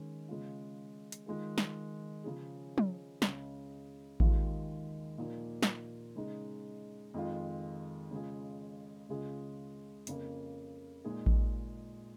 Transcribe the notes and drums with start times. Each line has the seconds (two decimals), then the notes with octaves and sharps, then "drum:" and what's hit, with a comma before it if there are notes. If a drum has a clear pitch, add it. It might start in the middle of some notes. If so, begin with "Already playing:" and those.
Already playing: D#3 G#3 C#4
0.29 C#3 G#3 F4
1.12 drum: hi-hat
1.26 D#3 G#3 F4 G#4
1.58 drum: snare
2.24 C#3 F3 C#4 G#4
2.78 drum: tom
3.22 C#2 C#3 G#3, drum: snare
4.20 D#2 D#3 G#3 F4 G#4, drum: kick A1
5.18 A#2 F3 A#3 D#4
5.63 drum: snare
6.16 C#3 G#3 D#4 G#4
7.14 F2 D#3 G#3 F4
8.11 C#3 G#3 F4 G#4
9.09 C#2 C#3 G#3 F4 G#4
10.07 F2 C#3 A#3, drum: hi-hat
11.04 A#2 G#3 D#4 G#4
11.26 drum: kick A1